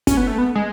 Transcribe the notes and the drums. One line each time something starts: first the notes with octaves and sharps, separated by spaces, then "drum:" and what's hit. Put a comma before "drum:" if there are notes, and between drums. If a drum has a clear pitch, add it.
C#4, drum: kick, hi-hat
B3
A3
B3
G#3